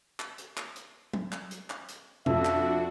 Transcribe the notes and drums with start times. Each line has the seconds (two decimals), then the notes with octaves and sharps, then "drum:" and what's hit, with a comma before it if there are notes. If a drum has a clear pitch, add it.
0.20 drum: clap
0.38 drum: hi-hat
0.57 drum: clap
0.76 drum: hi-hat
1.13 drum: tom F#3
1.32 drum: clap
1.51 drum: hi-hat
1.70 drum: clap
1.89 drum: hi-hat
2.26 F2 D4 F4 F#4 E5, drum: tom B2
2.45 drum: clap